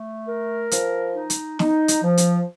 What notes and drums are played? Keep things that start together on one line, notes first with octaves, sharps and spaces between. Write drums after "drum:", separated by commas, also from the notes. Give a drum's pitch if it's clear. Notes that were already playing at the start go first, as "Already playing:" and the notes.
Already playing: A3
A#4
F3, drum: hi-hat
D#4
drum: hi-hat
D#4, drum: snare
drum: hi-hat
F3
drum: hi-hat